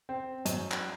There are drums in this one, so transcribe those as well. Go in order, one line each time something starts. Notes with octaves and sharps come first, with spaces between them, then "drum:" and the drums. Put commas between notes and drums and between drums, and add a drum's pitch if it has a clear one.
C4
F#2, drum: hi-hat
drum: clap